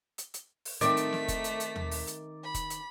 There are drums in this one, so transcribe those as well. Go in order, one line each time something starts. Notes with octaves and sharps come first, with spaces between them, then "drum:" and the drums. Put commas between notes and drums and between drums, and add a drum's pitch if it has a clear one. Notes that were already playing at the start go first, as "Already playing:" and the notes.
drum: hi-hat
drum: hi-hat
drum: open hi-hat
D#3 A3 C4 D5 B6, drum: hi-hat
drum: hi-hat
drum: snare
drum: kick F1, hi-hat
drum: hi-hat
drum: hi-hat
drum: tom D#2
drum: open hi-hat
drum: hi-hat
B5
drum: kick F1, hi-hat
drum: hi-hat